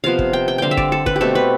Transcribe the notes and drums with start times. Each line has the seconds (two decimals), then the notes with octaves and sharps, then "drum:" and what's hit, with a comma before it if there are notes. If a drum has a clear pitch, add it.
0.04 C3 F3 B3 F5
0.19 drum: kick
0.33 G5
0.48 G5
0.58 D3 G3 C4 F5 G5
0.71 E5
0.77 D5, drum: kick
0.92 A4
1.06 B4, drum: kick
1.16 G4
1.21 B2 A3 C4 A4
1.35 B4